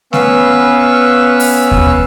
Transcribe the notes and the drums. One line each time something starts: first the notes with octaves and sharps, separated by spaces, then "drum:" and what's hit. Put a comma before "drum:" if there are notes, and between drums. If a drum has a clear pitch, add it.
B3 C#4 B4 F5 C#6 E6, drum: snare A3
drum: open hi-hat
drum: kick D#2